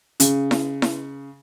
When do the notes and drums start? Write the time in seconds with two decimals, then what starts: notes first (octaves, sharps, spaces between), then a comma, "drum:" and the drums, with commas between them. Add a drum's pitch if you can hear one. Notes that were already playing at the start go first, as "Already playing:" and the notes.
0.20 C#3, drum: hi-hat
0.51 drum: snare E4
0.82 drum: snare E4